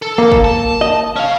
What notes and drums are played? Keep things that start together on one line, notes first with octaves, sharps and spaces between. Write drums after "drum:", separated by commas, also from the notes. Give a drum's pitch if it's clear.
A4
A#3
drum: kick G1
A5
D#5
C#4 F5